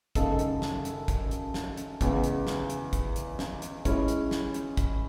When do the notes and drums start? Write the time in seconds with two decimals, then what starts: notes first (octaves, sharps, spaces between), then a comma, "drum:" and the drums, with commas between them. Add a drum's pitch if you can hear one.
0.15 F#2 C#3 G#3 D#4 A4, drum: kick, hi-hat
0.39 drum: hi-hat
0.62 drum: snare
0.85 drum: hi-hat
1.08 drum: kick, hi-hat
1.31 drum: hi-hat
1.54 drum: snare
1.77 drum: hi-hat
2.01 E2 C#3 G#3, drum: kick, hi-hat
2.24 drum: hi-hat
2.47 drum: snare
2.70 drum: hi-hat
2.93 drum: kick, hi-hat
3.16 drum: hi-hat
3.39 drum: snare
3.62 drum: hi-hat
3.85 G#3 C#4 E4, drum: kick, hi-hat
4.08 drum: hi-hat
4.31 drum: snare
4.54 drum: hi-hat
4.77 drum: kick, hi-hat